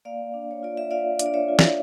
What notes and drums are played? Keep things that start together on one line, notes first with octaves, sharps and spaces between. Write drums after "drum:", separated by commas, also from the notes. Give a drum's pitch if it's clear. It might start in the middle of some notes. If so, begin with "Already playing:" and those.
A#3 D5 F5
D4
C#5
F4 D5
E5
F4 D5 F5
D4, drum: hi-hat
D5
C#5 E5
F4
drum: snare